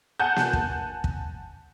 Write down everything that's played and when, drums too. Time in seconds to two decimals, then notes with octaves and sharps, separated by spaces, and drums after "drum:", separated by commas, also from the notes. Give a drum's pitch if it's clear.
0.20 F#5 G#5 A5 G6
0.36 drum: snare A#3
0.53 drum: kick
1.04 drum: kick